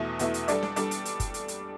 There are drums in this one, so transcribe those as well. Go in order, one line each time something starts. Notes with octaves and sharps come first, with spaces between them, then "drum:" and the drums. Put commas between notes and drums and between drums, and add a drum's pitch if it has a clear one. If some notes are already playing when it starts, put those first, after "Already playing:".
Already playing: E2 B2 A3 E4
E2 B2 A3 E4, drum: hi-hat
drum: hi-hat
G3 D4 A4 D5, drum: hi-hat
drum: snare
G3 D4 A4 D5, drum: hi-hat
drum: hi-hat
drum: hi-hat
drum: kick F#1, hi-hat
drum: hi-hat
drum: hi-hat